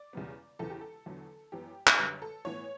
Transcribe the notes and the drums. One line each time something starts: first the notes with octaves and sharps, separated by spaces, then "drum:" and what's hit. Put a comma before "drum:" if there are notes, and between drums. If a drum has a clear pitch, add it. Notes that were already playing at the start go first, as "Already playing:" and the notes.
Already playing: D5
E2 C#3 G3 B3
E2 C#3 E3 A4
G4
A4
E2 D3 F#3 B3
F#2 E3 B3 G4
drum: clap
F#2 D3 G3 B4
A4
A2 E3 B3 C#5